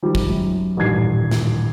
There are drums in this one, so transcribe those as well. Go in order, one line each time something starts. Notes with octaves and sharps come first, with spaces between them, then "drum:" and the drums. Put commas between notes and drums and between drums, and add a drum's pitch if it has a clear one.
D#3 F3 G3
drum: kick
F#2
D#1 A1 G2 D#3 G#6 C7
drum: snare